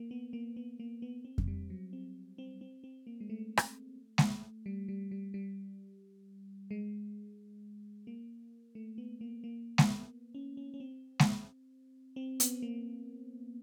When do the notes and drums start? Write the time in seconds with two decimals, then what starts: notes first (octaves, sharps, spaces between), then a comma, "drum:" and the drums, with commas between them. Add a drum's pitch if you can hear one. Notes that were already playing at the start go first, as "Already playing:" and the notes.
Already playing: A#3
0.11 B3
0.33 A#3
0.57 B3
0.80 A#3
1.02 B3
1.25 C4
1.38 drum: kick F2
1.48 G3
1.70 F#3
1.93 C4
2.38 C4
2.61 C4
2.84 C4
3.07 A#3
3.20 G#3
3.30 A3
3.57 drum: rim click
4.18 drum: snare G#3
4.66 G3
4.88 G3
5.11 G3
5.34 G3
6.71 G#3
8.07 A#3
8.75 A3
8.98 B3
9.21 A#3
9.44 A#3
9.78 B3, drum: snare G#3
10.34 C#4
10.57 C#4
10.74 C#4
10.80 C4
11.19 drum: snare G#3
12.16 C4
12.40 B3, drum: hi-hat
12.62 A#3